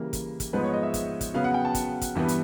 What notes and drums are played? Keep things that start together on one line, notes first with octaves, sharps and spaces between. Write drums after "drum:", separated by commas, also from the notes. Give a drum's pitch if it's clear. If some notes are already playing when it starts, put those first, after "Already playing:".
Already playing: C#3 E3 G3 A#3 A#4
drum: kick, hi-hat
drum: kick, hi-hat
G#2 F3 G#3 B3 B4
C#5
D#5
E5
drum: kick, hi-hat
drum: kick, hi-hat
C#3 F#3 B3 F5
F#5
G5
A5
drum: kick, hi-hat
drum: kick, hi-hat
G2 E3 G3 B3
drum: hi-hat